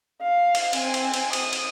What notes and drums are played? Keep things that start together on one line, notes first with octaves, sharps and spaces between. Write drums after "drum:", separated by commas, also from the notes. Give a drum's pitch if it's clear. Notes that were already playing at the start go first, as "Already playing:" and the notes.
F5
drum: cymbal
C4 G#5, drum: cymbal
drum: cymbal
drum: cymbal
D#6, drum: cymbal
drum: cymbal